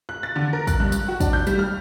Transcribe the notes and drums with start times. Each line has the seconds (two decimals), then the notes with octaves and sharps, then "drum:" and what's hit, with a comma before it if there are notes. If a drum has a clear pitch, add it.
0.09 F#6
0.23 A6
0.36 D3
0.53 A#4
0.67 F#6, drum: kick, tambourine
0.80 G2
0.92 F#6, drum: tambourine
1.08 F#4
1.20 D4, drum: kick, tambourine
1.33 G6
1.47 G3, drum: tambourine
1.59 F6